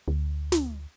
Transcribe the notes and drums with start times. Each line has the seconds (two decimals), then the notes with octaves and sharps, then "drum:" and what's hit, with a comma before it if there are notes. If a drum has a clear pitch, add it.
0.08 D2
0.52 drum: snare